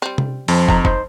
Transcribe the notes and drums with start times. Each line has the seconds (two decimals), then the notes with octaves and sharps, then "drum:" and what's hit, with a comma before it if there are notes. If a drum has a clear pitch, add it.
0.02 G3 C4
0.18 drum: tom C3
0.48 F2 F3, drum: open hi-hat
0.68 D#4 A#5, drum: kick
0.85 D#4 C5, drum: kick